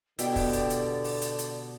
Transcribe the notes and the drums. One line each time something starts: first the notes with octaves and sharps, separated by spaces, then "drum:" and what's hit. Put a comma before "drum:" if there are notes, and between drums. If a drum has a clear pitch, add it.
B2 D3 E4 G4 D5 G5, drum: hi-hat
drum: kick, open hi-hat
drum: hi-hat
drum: hi-hat
drum: open hi-hat
drum: hi-hat
drum: hi-hat